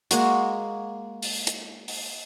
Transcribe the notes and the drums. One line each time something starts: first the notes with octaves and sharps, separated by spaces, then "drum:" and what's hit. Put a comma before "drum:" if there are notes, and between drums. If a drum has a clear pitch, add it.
G#3 A#3 F#4, drum: hi-hat
drum: open hi-hat
drum: hi-hat
drum: open hi-hat